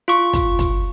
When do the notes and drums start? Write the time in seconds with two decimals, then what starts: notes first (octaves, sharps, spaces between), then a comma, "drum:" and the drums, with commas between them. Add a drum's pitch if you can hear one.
0.08 F4 C#6, drum: hi-hat
0.33 drum: kick, hi-hat
0.59 drum: kick, hi-hat